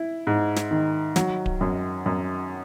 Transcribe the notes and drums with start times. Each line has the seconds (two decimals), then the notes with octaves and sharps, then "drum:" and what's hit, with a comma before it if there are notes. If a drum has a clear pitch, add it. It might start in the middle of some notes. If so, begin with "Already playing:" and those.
Already playing: E4
0.27 G#2
0.56 drum: snare
0.71 D#3
1.16 F#3, drum: snare
1.46 drum: kick D1
1.61 F#2
2.06 F#2